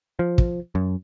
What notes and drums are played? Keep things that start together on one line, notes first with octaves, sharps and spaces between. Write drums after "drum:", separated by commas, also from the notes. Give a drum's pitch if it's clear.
F3
drum: kick
F#2